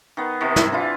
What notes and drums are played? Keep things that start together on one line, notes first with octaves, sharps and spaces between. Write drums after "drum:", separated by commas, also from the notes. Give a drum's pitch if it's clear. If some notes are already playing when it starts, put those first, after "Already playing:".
D#3 B3
C3 D#3
E4, drum: snare
D3 E3 E4 F4